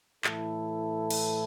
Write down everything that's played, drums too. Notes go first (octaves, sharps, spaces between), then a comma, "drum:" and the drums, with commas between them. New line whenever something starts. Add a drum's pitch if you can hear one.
A2 E3 E4 A4, drum: clap
drum: cymbal